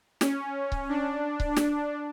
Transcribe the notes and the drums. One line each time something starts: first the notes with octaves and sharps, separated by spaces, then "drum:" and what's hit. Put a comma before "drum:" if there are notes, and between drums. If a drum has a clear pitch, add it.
C#4, drum: snare
drum: kick C#1
D4
drum: kick C#1
drum: snare